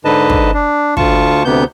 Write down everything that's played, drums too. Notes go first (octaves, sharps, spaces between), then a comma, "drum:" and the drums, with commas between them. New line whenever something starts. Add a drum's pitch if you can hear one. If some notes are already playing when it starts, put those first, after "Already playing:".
G#2 D3 B4 D#5 A5
drum: kick
D4
D2 F4 A5 C#6, drum: kick
D2 C3 B3 G6